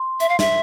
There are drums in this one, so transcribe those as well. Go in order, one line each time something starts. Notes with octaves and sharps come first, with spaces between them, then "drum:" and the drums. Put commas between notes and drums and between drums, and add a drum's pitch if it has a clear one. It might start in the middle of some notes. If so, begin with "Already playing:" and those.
Already playing: C6
E5, drum: hi-hat
F5
E5, drum: snare